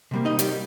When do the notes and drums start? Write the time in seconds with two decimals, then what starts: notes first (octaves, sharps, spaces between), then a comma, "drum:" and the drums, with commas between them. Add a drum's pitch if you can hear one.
0.11 C3 G3 A#3
0.25 D#4 D#5
0.39 G3 G4, drum: hi-hat